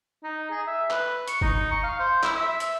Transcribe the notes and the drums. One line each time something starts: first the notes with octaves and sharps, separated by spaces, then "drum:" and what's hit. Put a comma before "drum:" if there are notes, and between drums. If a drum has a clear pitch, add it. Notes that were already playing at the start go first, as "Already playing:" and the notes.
D#4
G#4
E5
B4, drum: clap
C#6, drum: hi-hat
D#4, drum: kick
C#6
F5
C5
E4, drum: clap
E5
drum: hi-hat